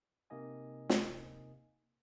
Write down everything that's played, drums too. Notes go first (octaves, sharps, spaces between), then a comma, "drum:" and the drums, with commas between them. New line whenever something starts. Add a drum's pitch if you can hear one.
C3 A#3 D#4 D#5 G#5
drum: snare